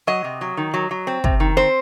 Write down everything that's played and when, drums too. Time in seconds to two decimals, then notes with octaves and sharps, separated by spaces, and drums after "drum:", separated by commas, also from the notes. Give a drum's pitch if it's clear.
0.07 F#3 D#5
0.24 C3
0.41 F#3
0.57 D#3
0.74 F#3
0.91 F#3
1.07 C4
1.24 C3, drum: kick
1.40 D#3
1.57 C4 C5